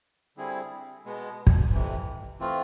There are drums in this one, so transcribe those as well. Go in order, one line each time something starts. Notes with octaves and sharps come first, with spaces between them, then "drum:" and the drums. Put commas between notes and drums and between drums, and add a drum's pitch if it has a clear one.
D3 G3 C4 E4 G#4
B2 G#3 B3
drum: kick
F2 C3 E3
E3 A3 C4 F4